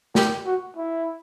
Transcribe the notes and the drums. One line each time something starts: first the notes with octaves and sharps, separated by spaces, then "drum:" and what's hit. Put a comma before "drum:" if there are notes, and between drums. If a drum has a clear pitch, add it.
G4, drum: snare
F#4
E4